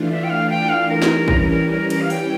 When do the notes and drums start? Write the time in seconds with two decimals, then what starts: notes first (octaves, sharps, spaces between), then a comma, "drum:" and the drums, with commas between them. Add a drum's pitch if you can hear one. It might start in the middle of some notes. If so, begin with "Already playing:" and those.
Already playing: E3 A3 D4 F4
0.10 E5
0.24 G5
0.30 F5
0.50 G5
0.69 F5
0.89 E3 G3 C#4 A#4
1.02 drum: snare
1.28 drum: kick
1.49 A#4
1.70 A#4
1.90 A#4, drum: cymbal
2.01 F5
2.10 G5, drum: open hi-hat